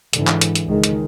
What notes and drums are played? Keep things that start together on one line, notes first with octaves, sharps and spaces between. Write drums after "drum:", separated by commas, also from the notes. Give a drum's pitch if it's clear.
G#2 D3 E3, drum: hi-hat
drum: clap
drum: hi-hat
drum: hi-hat
C#2 D#3 G#3
drum: hi-hat